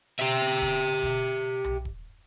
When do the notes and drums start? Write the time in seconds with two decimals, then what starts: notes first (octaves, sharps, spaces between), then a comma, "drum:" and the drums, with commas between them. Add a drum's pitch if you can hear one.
0.20 G4 E5
0.61 drum: kick D#1
1.02 drum: kick D#1
1.64 drum: tom B1
1.85 drum: kick D#1